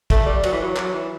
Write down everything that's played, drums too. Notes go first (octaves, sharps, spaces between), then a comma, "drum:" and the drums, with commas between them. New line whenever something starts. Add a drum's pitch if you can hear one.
A3, drum: kick, cymbal
G3
F#3, drum: cymbal
E3
F#3
F#3, drum: clap
E3